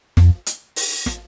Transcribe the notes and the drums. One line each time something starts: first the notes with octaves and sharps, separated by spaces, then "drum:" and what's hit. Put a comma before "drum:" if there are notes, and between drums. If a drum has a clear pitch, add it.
F2, drum: snare
drum: hi-hat
drum: open hi-hat
drum: snare